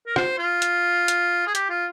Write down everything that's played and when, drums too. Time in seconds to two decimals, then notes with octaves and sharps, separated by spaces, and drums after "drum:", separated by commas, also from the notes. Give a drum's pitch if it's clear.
0.07 A#4
0.16 C5, drum: rim click
0.38 F4
0.62 drum: hi-hat
1.08 drum: hi-hat
1.47 G#4
1.55 G4, drum: hi-hat
1.69 F4